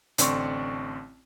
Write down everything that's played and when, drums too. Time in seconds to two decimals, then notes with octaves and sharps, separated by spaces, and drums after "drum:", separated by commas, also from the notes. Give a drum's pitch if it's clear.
0.18 A1 D3 C4 D5 C6 C#6, drum: hi-hat